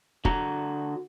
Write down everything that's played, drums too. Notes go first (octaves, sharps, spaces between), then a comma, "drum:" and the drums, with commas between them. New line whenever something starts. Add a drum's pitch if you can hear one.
D3 F#4 A#5, drum: kick